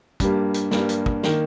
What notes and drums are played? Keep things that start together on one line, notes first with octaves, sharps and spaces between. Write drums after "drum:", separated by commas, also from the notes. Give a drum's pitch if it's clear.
G2 G3 A#3, drum: kick, hi-hat
drum: hi-hat
G2 G3 A#3, drum: snare
drum: hi-hat
drum: kick
D#3 A#3, drum: snare